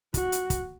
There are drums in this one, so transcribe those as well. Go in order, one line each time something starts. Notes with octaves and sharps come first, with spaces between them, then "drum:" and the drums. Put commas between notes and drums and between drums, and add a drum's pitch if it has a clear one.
F#4, drum: kick, hi-hat
drum: hi-hat
drum: kick, hi-hat